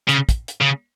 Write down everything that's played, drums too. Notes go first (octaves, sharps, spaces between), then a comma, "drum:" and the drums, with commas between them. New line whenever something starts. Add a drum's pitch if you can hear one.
C#3, drum: hi-hat
drum: kick, hi-hat
drum: hi-hat
C#3